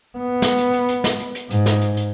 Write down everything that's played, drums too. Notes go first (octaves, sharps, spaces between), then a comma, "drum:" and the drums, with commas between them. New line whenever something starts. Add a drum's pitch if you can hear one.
B3
drum: snare
drum: hi-hat
drum: hi-hat
drum: hi-hat
drum: snare
drum: hi-hat
drum: hi-hat
G#2, drum: hi-hat
drum: snare
drum: hi-hat
drum: hi-hat